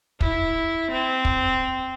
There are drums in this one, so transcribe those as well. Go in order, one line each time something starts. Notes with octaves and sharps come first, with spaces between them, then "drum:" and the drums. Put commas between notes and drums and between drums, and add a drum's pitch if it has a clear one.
E4, drum: kick
C4
drum: kick